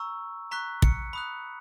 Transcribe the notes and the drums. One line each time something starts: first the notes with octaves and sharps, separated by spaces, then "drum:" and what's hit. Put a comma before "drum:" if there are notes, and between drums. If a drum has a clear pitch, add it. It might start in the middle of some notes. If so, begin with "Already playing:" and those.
Already playing: A#5 C#6 E6
A#5 C#6 F#6 B6
C#7, drum: kick
B5 D#6 F#6